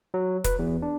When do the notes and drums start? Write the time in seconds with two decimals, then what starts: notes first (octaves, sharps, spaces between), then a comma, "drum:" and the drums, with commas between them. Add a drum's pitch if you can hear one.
0.14 F#3
0.44 B4, drum: kick, hi-hat
0.59 E2
0.82 D4